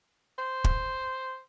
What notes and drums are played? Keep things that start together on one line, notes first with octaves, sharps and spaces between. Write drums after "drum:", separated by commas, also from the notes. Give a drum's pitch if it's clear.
C5
drum: kick